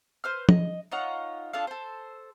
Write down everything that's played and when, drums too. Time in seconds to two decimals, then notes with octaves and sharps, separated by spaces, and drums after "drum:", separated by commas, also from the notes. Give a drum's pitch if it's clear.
0.24 B4 C5 F6
0.49 D#5, drum: tom
0.92 D#4 F4 C#5 F#5
1.53 D4 F4 A4 F5
1.67 A4 C5